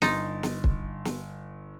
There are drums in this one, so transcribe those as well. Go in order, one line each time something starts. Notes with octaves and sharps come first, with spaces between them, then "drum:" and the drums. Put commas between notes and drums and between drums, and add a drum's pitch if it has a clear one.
G1 D#4 C6 A6, drum: snare
drum: snare
drum: kick
drum: snare